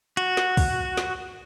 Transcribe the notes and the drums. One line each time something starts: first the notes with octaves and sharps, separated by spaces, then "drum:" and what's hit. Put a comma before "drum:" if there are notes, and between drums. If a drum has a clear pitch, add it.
F#4, drum: hi-hat
drum: snare
drum: kick, open hi-hat
drum: snare